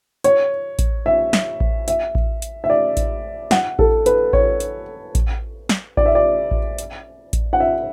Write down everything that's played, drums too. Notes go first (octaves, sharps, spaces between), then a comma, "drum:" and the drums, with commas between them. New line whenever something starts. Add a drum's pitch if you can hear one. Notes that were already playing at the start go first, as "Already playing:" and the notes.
C#5, drum: hi-hat
drum: kick A1, hi-hat
E5
drum: snare
drum: kick A1
E5, drum: hi-hat
drum: kick A1
drum: hi-hat
E5
D5
drum: kick A1, hi-hat
F#5, drum: snare
A4, drum: kick A1
B4, drum: hi-hat
C#5, drum: kick A1
drum: hi-hat
drum: kick A1, hi-hat
drum: snare
D5, drum: kick A1
E5
D5
drum: kick A1
drum: hi-hat
drum: kick A1, hi-hat
F#5
E5